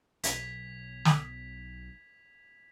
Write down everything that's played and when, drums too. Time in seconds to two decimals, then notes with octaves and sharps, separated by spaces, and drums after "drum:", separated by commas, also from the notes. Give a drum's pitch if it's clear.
0.23 B1 G#6 B6 F7, drum: hi-hat
1.05 drum: snare